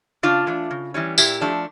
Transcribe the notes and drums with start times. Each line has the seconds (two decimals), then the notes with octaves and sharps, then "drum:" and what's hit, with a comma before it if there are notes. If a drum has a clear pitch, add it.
0.23 C#3 D4 F4
0.47 E3 A3 D4
0.71 C#3
0.94 E3 G3 C#4
1.18 A#2 E4 G4, drum: tambourine
1.41 F3 A3 D4